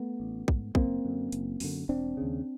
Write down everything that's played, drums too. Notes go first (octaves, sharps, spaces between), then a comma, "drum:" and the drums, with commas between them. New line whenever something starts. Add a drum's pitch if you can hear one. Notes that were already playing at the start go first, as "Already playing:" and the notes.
Already playing: A3 B3
A1
G#2, drum: kick
F#1 A#3 C4, drum: kick
F#2 D3
F#1, drum: hi-hat
F#2 D3, drum: open hi-hat
E1 C4 D4
D#2 C#3